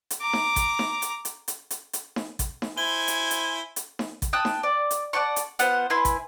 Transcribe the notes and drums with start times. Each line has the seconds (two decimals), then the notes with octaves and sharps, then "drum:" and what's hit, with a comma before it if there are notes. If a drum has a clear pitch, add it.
0.10 drum: hi-hat
0.22 A#5 D6
0.33 drum: snare D#4
0.56 drum: kick, hi-hat
0.79 drum: snare D#4
1.02 drum: hi-hat
1.25 drum: hi-hat
1.48 drum: hi-hat
1.71 drum: hi-hat
1.93 drum: hi-hat
2.16 drum: snare D#4
2.39 drum: kick, hi-hat
2.62 drum: snare D#4
2.78 E4 C5 G#5 G#6 G7
3.08 drum: hi-hat
3.31 drum: hi-hat
3.76 drum: hi-hat
3.99 drum: snare D#4
4.22 drum: kick, hi-hat
4.33 G5 A5 D#6 F#6
4.45 drum: snare D#4
4.63 D5
4.91 drum: hi-hat
5.13 D5 F#5 A5 C#6
5.36 drum: hi-hat
5.59 B3 F4 C5 F#5, drum: hi-hat
5.90 E4 B4 G#5 C6
6.05 drum: kick, hi-hat